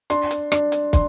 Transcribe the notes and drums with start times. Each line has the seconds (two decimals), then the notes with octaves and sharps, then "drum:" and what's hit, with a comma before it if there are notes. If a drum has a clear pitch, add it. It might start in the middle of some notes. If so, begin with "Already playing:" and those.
0.10 D4 C6, drum: hi-hat
0.31 drum: hi-hat
0.52 D4, drum: rim click
0.72 drum: hi-hat
0.93 D4 C6, drum: kick, hi-hat